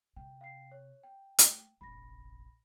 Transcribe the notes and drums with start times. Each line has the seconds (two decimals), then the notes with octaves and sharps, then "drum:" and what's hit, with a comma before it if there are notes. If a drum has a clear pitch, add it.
0.16 C3 G5
0.41 F5 G5 C7
0.72 C#5
1.03 G5
1.39 A3, drum: hi-hat
1.81 F1 A#1 B5 A#6